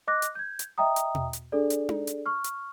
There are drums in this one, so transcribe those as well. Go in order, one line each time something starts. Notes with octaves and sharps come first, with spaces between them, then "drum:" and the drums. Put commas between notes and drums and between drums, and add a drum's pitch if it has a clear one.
D#5 D6 F#6 A#6
drum: hi-hat
G6 G#6
drum: hi-hat
D#5 E5 G5 A#5 D#6
drum: hi-hat
drum: tom
drum: hi-hat
D4 G#4 A4 D5
drum: hi-hat
drum: tom D#4
drum: hi-hat
C#6 F6
drum: hi-hat